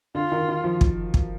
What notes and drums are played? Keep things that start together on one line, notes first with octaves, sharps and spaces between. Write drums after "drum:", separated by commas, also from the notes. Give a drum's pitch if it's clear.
D3 F4
D#3
D#3
F3
drum: kick
drum: kick